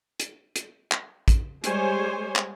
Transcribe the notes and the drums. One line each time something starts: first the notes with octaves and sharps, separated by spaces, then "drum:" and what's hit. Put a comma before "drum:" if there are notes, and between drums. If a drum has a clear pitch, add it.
drum: hi-hat
drum: hi-hat
drum: clap
drum: kick, hi-hat
G3 G#3 C5 C#5 G#5, drum: hi-hat
drum: clap